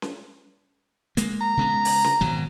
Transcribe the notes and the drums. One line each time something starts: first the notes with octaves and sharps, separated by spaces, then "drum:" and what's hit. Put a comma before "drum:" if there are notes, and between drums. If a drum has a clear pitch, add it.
drum: snare C#4
G#3 A#3, drum: hi-hat
A#5
C#3 G#3 B3
drum: open hi-hat
drum: snare C#4
G#1 B2 F#3